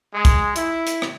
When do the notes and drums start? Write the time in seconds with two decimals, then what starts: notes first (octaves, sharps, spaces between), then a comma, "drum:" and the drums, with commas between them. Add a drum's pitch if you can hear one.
0.14 G#3
0.25 drum: kick, hi-hat
0.56 E4, drum: hi-hat
0.87 drum: hi-hat
1.02 drum: rim click